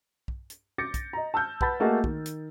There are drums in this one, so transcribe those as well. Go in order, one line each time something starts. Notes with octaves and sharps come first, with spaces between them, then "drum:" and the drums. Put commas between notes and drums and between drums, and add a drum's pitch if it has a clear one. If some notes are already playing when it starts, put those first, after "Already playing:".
drum: kick
drum: hi-hat
D6 G6 A6 A#6 C#7
drum: kick, hi-hat
D#5 A#5
A5 E6 F6 G6
B4 F#5 A5 B5 A6, drum: kick
A3 A#3 F#4 G#4 A4 D#5
D#3, drum: kick
drum: hi-hat